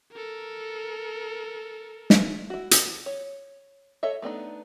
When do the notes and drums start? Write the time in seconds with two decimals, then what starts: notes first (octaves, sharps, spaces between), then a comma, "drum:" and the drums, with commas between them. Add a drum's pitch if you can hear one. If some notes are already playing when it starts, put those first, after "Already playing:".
0.12 A4 A#4
2.10 drum: snare
2.50 E4 F#4
2.71 drum: hi-hat
3.06 C#5
4.03 A4 C#5 D#5 E5
4.22 A3 B3 D4 D#4